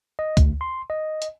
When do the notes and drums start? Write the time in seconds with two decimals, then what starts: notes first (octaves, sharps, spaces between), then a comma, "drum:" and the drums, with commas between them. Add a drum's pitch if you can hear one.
0.19 D#5
0.37 D2, drum: kick, hi-hat
0.61 C6
0.90 D#5
1.22 drum: hi-hat